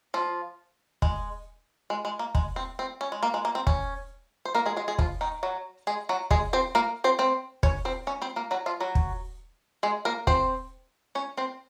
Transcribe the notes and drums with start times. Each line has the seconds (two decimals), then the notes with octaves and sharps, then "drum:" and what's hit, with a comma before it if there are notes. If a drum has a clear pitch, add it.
0.14 F3 F4
1.02 G#3, drum: kick
1.90 G#3
2.05 G#3
2.19 A#3
2.35 G#3, drum: kick
2.56 C4
2.79 C4
3.01 C#4
3.12 G#3
3.23 A#3
3.34 G#3
3.45 A#3
3.55 C4
3.67 C#4, drum: kick
4.45 C5
4.55 A#3 A#4
4.66 G#3 G#4
4.77 G#3 G#4
4.88 G#3 G#4
4.98 F3 F4, drum: kick
5.21 D#3 D#4
5.43 F#3 F#4
5.87 G#3 G#4
6.09 F#3 F#4
6.31 G#3 G#4, drum: kick
6.53 C4 C5
6.75 A#3 A#4
7.04 C4 C5
7.19 C4 C5
7.63 C#4 C#5, drum: kick
7.85 C4 C5
8.07 C#4 C#5
8.22 C4 C5
8.36 A#3 A#4
8.51 F#3 F#4
8.66 F3 F4
8.80 F#3 F#4
8.95 drum: kick
9.83 G#3 G#4
10.05 A#3 A#4
10.27 C4 C5, drum: kick
11.15 C#4 C#5
11.37 C4 C5